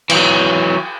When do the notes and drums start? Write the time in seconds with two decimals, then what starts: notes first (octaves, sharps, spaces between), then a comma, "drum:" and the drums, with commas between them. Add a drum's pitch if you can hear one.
0.10 E3 F#3, drum: cymbal